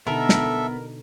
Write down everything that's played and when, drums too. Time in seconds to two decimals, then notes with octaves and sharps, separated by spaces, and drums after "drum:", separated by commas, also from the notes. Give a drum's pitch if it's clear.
0.07 B2 D3 B3 D#4 A4 A#4 E5
0.29 drum: snare